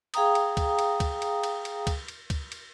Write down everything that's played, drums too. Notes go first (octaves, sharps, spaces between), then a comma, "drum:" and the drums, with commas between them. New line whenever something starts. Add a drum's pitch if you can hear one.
G#4 F5 G5 A#5 D#6, drum: cymbal
drum: cymbal
drum: kick C#2, cymbal
drum: cymbal
drum: kick C#2, cymbal
drum: cymbal
drum: cymbal
drum: cymbal
drum: kick C#2, cymbal
drum: cymbal
drum: kick C#2, cymbal
drum: cymbal